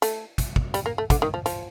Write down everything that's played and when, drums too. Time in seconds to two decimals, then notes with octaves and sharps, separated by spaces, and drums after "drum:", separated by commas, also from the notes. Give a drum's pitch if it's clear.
0.02 A3, drum: hi-hat
0.38 drum: kick, hi-hat
0.56 drum: kick
0.74 G3, drum: hi-hat
0.86 A#3
0.98 A3
1.10 D3, drum: kick, hi-hat
1.22 D#3
1.34 F3
1.46 F3, drum: hi-hat